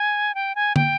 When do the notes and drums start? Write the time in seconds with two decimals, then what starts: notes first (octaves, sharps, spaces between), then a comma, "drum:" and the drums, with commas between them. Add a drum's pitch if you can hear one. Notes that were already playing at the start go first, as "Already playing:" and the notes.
Already playing: G#5
0.35 G5
0.55 G#5
0.76 G5, drum: tom